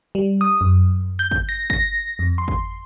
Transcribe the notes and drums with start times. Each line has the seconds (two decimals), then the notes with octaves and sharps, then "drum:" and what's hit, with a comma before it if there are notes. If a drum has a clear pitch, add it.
0.15 G3
0.41 D#6
0.61 F#2
1.19 G6
1.31 drum: kick G1
1.49 A#6
1.70 A#6, drum: kick G1
2.19 F2
2.38 C6
2.48 drum: kick G1